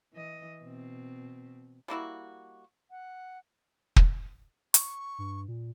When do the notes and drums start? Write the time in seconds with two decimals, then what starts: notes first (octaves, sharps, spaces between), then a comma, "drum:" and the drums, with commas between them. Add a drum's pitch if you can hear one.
0.13 E3 D#5
0.63 B2 C4
1.88 G3 A#3 E4 F#4
2.90 F#5
3.96 drum: kick
4.74 C#6, drum: hi-hat
5.18 G2
5.48 A#2